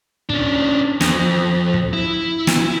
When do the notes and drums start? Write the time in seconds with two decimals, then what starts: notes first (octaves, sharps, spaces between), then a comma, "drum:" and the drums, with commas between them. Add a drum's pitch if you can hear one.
0.30 C#4 D4, drum: kick
1.01 F2, drum: snare
1.74 drum: kick
1.93 E4
2.47 drum: snare